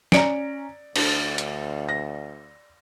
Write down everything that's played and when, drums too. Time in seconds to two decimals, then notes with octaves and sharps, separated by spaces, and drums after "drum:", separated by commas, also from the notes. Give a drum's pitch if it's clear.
0.12 C#4 D5 A#5 C#7 D7, drum: snare
0.96 D2 D4, drum: cymbal
1.38 drum: hi-hat
1.89 A#6